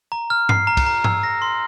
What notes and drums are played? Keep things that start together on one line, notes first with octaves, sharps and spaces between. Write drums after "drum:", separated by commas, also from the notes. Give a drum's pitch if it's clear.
A#5
F6
C7, drum: tom G2
A#5
drum: kick, cymbal
A#5
E6, drum: tom G2
A#6
C6